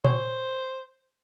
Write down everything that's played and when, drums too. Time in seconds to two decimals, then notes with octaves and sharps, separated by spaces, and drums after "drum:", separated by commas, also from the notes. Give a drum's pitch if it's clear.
0.05 C5 C#5, drum: tom A#2